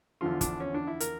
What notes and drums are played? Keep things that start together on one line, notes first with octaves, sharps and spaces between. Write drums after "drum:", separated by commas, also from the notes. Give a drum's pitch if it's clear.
E2 D3 F3 F4
D4, drum: kick, hi-hat
C#4
D4
E4
A#4, drum: hi-hat